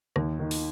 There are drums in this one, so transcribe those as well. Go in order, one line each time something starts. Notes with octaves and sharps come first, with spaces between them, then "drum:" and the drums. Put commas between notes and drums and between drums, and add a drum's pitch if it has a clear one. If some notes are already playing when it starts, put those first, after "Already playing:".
D#2, drum: rim click
D#3
drum: open hi-hat